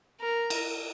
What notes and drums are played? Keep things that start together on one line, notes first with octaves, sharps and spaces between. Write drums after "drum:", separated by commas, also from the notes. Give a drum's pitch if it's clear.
A#4
drum: cymbal